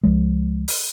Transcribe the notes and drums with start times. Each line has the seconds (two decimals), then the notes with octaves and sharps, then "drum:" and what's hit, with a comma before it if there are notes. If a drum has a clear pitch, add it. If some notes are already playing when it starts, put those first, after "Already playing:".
0.03 C#2 F3 G#3
0.68 drum: open hi-hat